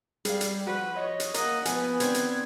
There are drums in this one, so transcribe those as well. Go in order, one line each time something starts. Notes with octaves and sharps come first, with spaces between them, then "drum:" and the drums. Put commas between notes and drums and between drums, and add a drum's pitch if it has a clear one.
G3 G#4 D5 F5, drum: hi-hat
drum: hi-hat
F3 F#4 B4
C#5 D#5
drum: hi-hat
A#3 D#5 F#5, drum: hi-hat
F3 B3 B4 G#5, drum: hi-hat
D#3 C4 D4 G#6, drum: hi-hat
drum: hi-hat